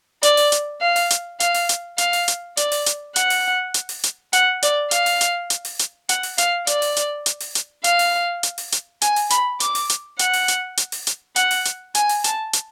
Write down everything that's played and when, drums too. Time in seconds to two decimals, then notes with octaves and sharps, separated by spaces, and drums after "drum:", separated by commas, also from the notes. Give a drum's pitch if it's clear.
0.23 D5, drum: hi-hat
0.37 drum: open hi-hat
0.52 drum: hi-hat
0.81 F5
0.96 drum: open hi-hat
1.10 drum: hi-hat
1.40 F5, drum: hi-hat
1.54 drum: open hi-hat
1.69 drum: hi-hat
1.98 F5, drum: hi-hat
2.13 drum: open hi-hat
2.28 drum: hi-hat
2.57 D5, drum: hi-hat
2.72 drum: open hi-hat
2.86 drum: hi-hat
3.16 F#5, drum: hi-hat
3.30 drum: open hi-hat
3.74 drum: hi-hat
3.89 drum: open hi-hat
4.03 drum: hi-hat
4.33 F#5, drum: hi-hat
4.62 D5, drum: hi-hat
4.91 F5, drum: hi-hat
5.06 drum: open hi-hat
5.21 drum: hi-hat
5.50 drum: hi-hat
5.65 drum: open hi-hat
5.79 drum: hi-hat
6.09 F#5, drum: hi-hat
6.23 drum: open hi-hat
6.38 F5, drum: hi-hat
6.67 D5, drum: hi-hat
6.82 drum: open hi-hat
6.97 drum: hi-hat
7.26 drum: hi-hat
7.40 drum: open hi-hat
7.55 drum: hi-hat
7.84 F5, drum: hi-hat
7.99 drum: open hi-hat
8.43 drum: hi-hat
8.58 drum: open hi-hat
8.72 drum: hi-hat
9.02 G#5, drum: hi-hat
9.16 drum: open hi-hat
9.30 B5, drum: hi-hat
9.60 D6, drum: hi-hat
9.75 drum: open hi-hat
9.90 drum: hi-hat
10.19 F#5, drum: hi-hat
10.33 drum: open hi-hat
10.48 drum: hi-hat
10.77 drum: hi-hat
10.92 drum: open hi-hat
11.07 drum: hi-hat
11.36 F#5, drum: hi-hat
11.51 drum: open hi-hat
11.65 drum: hi-hat
11.95 G#5, drum: hi-hat
12.09 drum: open hi-hat
12.24 A5, drum: hi-hat
12.53 drum: hi-hat